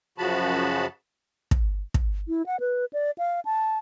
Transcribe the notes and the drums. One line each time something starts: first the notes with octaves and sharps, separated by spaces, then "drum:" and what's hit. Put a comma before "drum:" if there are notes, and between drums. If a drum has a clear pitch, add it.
F#2 C#3 F3 F#4 A5 B5
drum: kick
drum: kick
E4
F#5
B4
D5
F5
A5